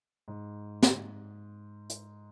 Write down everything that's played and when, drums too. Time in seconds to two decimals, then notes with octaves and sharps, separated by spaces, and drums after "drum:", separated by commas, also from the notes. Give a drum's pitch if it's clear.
0.28 G#2
0.82 drum: snare
1.90 drum: hi-hat